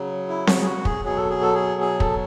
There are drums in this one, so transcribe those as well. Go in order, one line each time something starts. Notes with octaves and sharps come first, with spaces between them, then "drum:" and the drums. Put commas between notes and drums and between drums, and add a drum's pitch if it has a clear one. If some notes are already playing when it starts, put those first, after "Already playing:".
Already playing: C#3 F#3
E4
F#4, drum: snare C4
G#4
F#4
G#4, drum: kick
B2 F#3 G#4
A4
G#4
A4
G#4
G#4
A4, drum: kick